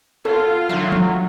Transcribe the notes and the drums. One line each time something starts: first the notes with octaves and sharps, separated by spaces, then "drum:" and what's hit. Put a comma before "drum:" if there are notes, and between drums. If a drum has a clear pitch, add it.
B2 F4 A4 C#5
D3 D#3 F#3 A3
drum: tom F3